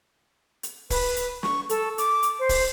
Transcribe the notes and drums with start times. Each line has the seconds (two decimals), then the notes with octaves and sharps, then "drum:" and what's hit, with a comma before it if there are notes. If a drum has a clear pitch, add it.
0.63 drum: hi-hat
0.90 B4, drum: kick, open hi-hat
1.16 drum: hi-hat
1.43 C#6, drum: snare
1.69 A4, drum: hi-hat
1.98 D6, drum: hi-hat
2.23 drum: hi-hat
2.39 C5
2.49 drum: kick, open hi-hat